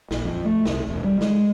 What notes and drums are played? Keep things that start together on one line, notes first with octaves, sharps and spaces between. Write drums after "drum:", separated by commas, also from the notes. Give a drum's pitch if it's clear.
A#1, drum: snare
F2
A3
C2, drum: snare
E1
G3
G#3, drum: snare